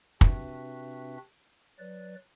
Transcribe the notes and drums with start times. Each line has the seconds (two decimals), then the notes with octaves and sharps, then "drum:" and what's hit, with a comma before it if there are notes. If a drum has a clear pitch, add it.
0.21 C3 C4 D4 F#4 B4 E5, drum: kick
1.79 F#3 B4 D5